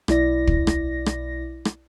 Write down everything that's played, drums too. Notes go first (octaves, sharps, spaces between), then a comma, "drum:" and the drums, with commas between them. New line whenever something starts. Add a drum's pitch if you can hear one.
B1 E4 D5 A#6, drum: rim click
drum: kick
drum: rim click
drum: rim click
drum: rim click